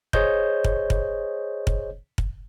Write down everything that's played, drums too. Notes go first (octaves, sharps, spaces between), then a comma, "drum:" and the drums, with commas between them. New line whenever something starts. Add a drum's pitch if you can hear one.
G#4 C5 C#5 D#5 G6, drum: kick
drum: kick
drum: kick
drum: kick
drum: kick